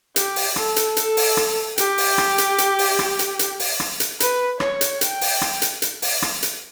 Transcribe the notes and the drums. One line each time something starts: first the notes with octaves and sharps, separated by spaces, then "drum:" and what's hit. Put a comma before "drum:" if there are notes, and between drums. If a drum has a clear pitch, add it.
G4, drum: hi-hat
drum: open hi-hat
A4, drum: rim click
drum: hi-hat
A4, drum: hi-hat
drum: open hi-hat
drum: rim click
G4, drum: hi-hat
drum: open hi-hat
drum: rim click
drum: hi-hat
drum: hi-hat
drum: open hi-hat
drum: rim click
drum: hi-hat
drum: hi-hat
drum: open hi-hat
drum: rim click
drum: hi-hat
B4, drum: hi-hat
C#5, drum: rim click
drum: hi-hat
G5, drum: hi-hat
drum: open hi-hat
drum: rim click
drum: hi-hat
drum: hi-hat
drum: open hi-hat
drum: rim click
drum: hi-hat